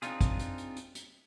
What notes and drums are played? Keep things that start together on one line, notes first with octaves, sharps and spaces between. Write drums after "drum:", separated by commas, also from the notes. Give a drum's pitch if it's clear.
C4 D4 D#4 F4 G#4, drum: hi-hat
drum: kick, hi-hat
drum: hi-hat
drum: hi-hat
drum: hi-hat
drum: hi-hat